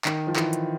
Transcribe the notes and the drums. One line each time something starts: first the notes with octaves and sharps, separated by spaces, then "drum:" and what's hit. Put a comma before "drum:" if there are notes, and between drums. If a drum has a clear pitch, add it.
D#3, drum: clap
F3
E3, drum: clap
drum: hi-hat